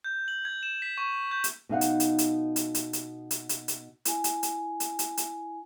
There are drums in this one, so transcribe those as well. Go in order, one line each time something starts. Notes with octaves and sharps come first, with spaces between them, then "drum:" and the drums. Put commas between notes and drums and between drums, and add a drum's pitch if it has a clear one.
G6
F#7
G#6
E7
B6
C#6
G6
drum: hi-hat
B2 D#4 F5 F#5
drum: hi-hat
drum: hi-hat
drum: hi-hat
drum: hi-hat
drum: hi-hat
drum: hi-hat
drum: hi-hat
drum: hi-hat
drum: hi-hat
E4 G#5, drum: hi-hat
drum: hi-hat
drum: hi-hat
drum: hi-hat
drum: hi-hat
drum: hi-hat